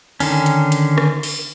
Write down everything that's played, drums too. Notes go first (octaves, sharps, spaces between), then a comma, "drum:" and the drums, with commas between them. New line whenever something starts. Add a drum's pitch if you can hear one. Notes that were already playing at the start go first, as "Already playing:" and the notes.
D3 D#3 C#4, drum: open hi-hat
drum: hi-hat
drum: hi-hat
drum: rim click
drum: open hi-hat